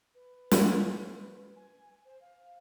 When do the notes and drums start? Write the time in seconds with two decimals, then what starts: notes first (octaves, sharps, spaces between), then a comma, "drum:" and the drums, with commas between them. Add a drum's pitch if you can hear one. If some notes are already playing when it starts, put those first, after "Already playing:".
0.15 B4
0.51 drum: snare
1.56 G#5
2.05 C5
2.21 F5